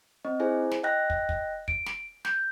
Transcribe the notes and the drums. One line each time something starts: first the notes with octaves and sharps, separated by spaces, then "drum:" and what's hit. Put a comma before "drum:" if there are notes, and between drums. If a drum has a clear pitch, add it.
C4 D#5
E4 G#4 C5 G#5
drum: snare
D#5 G5 F#6 A#6
drum: kick
drum: kick
D7, drum: kick
drum: snare
G6, drum: snare